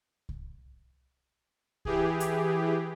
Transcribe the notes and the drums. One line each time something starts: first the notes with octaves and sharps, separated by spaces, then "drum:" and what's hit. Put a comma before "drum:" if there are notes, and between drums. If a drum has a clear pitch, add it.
drum: kick C2
E3 G4 G#4, drum: kick C2
drum: hi-hat